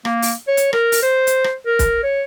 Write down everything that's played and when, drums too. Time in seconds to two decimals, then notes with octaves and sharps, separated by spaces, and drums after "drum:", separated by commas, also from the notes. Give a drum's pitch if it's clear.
0.05 A#3, drum: rim click
0.22 drum: open hi-hat
0.48 C#5
0.57 drum: hi-hat
0.73 A#4, drum: rim click
0.92 drum: open hi-hat
1.02 C5
1.27 drum: hi-hat
1.44 drum: rim click
1.66 A#4
1.79 drum: kick, hi-hat
2.03 C#5